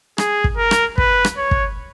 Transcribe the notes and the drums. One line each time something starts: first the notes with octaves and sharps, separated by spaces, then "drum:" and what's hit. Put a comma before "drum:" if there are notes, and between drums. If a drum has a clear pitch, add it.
G#4, drum: rim click
drum: kick
A#4
drum: rim click
B4, drum: kick
drum: rim click
C#5
drum: kick